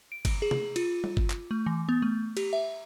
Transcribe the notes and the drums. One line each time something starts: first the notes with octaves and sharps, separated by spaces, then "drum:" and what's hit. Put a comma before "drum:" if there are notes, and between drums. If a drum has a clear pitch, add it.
D7
drum: kick G1, cymbal
G#4
drum: tom
F4, drum: cymbal
drum: tom G3
drum: kick G1
drum: clap
A3
E3
B3
A3
G4, drum: cymbal
E5